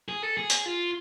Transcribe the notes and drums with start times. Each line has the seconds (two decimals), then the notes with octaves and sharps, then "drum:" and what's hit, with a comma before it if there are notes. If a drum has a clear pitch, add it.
0.09 G#4
0.23 A4
0.37 G#4
0.50 drum: hi-hat
0.66 F4